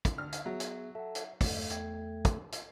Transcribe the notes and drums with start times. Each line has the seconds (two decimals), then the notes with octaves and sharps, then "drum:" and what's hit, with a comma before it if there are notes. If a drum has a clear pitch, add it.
0.05 drum: kick, hi-hat
0.18 D2 F6
0.32 drum: hi-hat
0.46 F#3 B3 G#4 E5
0.60 drum: hi-hat
0.95 A4 E5 F#5
1.15 drum: hi-hat
1.41 E2 G2 A3, drum: kick, open hi-hat
1.70 E2 G5 G#6, drum: hi-hat
2.25 drum: kick, hi-hat
2.52 drum: hi-hat